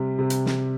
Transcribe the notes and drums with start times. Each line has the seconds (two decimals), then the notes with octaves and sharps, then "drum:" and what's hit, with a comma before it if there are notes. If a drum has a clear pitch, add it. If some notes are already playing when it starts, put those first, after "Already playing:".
Already playing: C3 G3
0.19 C3
0.30 drum: hi-hat
0.46 drum: snare